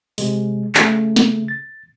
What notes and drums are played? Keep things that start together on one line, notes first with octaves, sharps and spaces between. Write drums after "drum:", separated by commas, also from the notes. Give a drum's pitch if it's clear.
C3 G#3, drum: open hi-hat
C#3 A3, drum: clap
drum: snare
A6